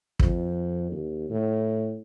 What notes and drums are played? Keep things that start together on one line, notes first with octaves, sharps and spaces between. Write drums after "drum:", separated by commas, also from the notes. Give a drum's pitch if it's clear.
F2, drum: kick
D#2
A2